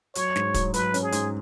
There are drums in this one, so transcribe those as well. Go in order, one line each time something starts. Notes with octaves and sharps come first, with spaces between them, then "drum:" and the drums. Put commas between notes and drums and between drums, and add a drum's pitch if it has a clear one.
F#3 C#5, drum: hi-hat
G#2, drum: snare
F#3, drum: kick, hi-hat
F#3 B4, drum: hi-hat
C#4, drum: hi-hat
G#4
G#2, drum: hi-hat